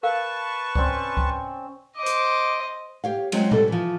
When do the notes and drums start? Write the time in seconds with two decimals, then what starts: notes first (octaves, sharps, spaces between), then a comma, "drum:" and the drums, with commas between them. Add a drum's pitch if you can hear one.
0.03 A#4 B4 F5 A5 C#6
0.75 C4 C#4 D5, drum: kick C#2
1.17 drum: kick C#2
1.97 C5 D#5 D6
2.06 drum: hi-hat
3.04 G4 C#5 F5
3.32 F#3 G#3 C4 F4, drum: cymbal
3.51 G3 A4 C5, drum: tom A2
3.68 E3 F3